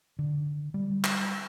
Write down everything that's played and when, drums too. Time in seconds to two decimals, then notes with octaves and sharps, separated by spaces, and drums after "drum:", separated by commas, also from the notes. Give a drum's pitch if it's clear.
0.19 D3
0.74 G3
1.04 drum: clap